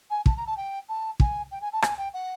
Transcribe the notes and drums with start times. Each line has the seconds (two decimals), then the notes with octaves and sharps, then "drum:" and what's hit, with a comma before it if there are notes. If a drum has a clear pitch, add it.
0.10 G#5
0.26 A5, drum: kick
0.36 A#5
0.46 A5
0.56 G5
0.88 A5
1.20 G#5, drum: kick
1.51 G5
1.61 G#5
1.72 A5
1.82 G#5, drum: rim click
1.97 G5
2.13 F#5